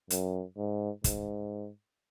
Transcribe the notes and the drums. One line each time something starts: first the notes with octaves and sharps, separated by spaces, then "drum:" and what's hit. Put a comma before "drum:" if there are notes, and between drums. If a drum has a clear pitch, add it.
F#2, drum: hi-hat
G#2
G#2, drum: kick, hi-hat